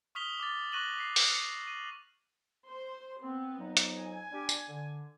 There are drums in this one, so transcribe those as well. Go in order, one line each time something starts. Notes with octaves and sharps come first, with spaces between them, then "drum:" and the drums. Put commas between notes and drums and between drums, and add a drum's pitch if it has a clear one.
C#6 D#6 F6 B6 F7 G7
D6 F6 A6
C#6 F#6 A#6 D#7 E7 F#7
B6 C7
C7 F7 F#7, drum: open hi-hat
D#7
C5 C6
B3 C4
F2 F#3 D#4
drum: hi-hat
G#5
G3 D4 G4
drum: tambourine
D3